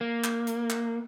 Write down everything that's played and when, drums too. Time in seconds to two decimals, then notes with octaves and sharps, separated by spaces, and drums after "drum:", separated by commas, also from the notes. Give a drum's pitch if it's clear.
0.01 A#3
0.24 drum: clap
0.47 drum: hi-hat
0.70 drum: clap